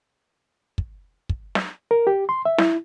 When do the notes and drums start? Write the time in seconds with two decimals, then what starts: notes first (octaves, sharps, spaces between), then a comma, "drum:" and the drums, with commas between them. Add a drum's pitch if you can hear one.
0.78 drum: kick
1.29 drum: kick
1.55 drum: snare
1.91 A#4
2.07 G4
2.29 C6
2.45 E5
2.58 E4, drum: snare